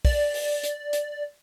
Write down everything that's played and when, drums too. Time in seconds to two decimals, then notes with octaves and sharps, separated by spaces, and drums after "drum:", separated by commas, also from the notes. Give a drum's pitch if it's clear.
0.05 D5, drum: kick, open hi-hat
0.34 drum: open hi-hat
0.64 drum: hi-hat
0.93 drum: hi-hat